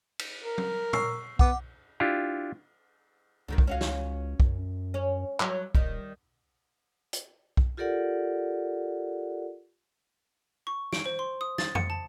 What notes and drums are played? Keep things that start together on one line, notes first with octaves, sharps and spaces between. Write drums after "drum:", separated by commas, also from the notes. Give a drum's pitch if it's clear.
drum: cymbal
A#4
drum: tom F#3
C#6 E6 C7, drum: tom
B3 F#5 D6, drum: kick B1
D4 E4 F4 G4
C#2 D3 D#3 A#3
drum: kick B1
C#4 F#4 F5
drum: snare
F#2, drum: kick B1
C#4
F#3, drum: clap
D#1 D#3 G3, drum: kick B1
drum: hi-hat
drum: kick B1
F4 G4 A4 A#4 D5 F#5
C#6
D7, drum: snare
C5
C6
D#6
A6, drum: snare
C#7, drum: tom F2
A5